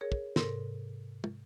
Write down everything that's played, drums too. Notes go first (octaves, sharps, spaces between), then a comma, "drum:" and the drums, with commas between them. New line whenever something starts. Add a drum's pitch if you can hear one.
G#4 A#4 C#5
drum: kick
G#2 C3 A4 A#4 C6, drum: snare
drum: tom